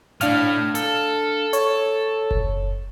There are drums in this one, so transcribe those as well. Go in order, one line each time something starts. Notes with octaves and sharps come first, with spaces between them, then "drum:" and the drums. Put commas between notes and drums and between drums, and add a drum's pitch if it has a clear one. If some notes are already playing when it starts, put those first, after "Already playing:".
A2 D4 F5 F6, drum: hi-hat
A4, drum: hi-hat
C#5, drum: hi-hat
drum: kick F#1